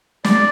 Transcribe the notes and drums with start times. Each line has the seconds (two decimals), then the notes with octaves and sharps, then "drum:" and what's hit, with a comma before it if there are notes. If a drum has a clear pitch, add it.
0.24 D5, drum: snare